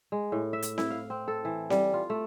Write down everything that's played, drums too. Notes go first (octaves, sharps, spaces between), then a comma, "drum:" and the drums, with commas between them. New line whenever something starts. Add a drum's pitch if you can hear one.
G#3
A2
E5
drum: hi-hat
E4, drum: snare C4
F5
C4
A4
E3
G3, drum: snare C4
F4
A3